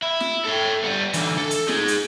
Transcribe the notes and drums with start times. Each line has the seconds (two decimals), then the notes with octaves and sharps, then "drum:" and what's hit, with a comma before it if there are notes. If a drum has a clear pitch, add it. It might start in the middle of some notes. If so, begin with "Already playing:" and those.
0.02 E4
0.20 drum: snare
0.44 A4 G5
0.83 G3 B3
1.13 D3 E3, drum: hi-hat
1.37 A4
1.51 drum: hi-hat
1.68 D#4 G#4, drum: snare
1.88 drum: hi-hat